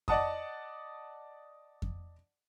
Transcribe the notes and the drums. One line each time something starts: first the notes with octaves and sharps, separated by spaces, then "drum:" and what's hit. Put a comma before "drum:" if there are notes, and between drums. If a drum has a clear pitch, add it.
D5 D#5 F#5 A5 D#6, drum: kick F2
drum: kick F2